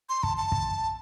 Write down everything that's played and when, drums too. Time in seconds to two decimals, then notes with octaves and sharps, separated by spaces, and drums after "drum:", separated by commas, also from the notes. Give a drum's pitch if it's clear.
0.09 C6
0.23 A5, drum: kick
0.37 A5
0.52 drum: kick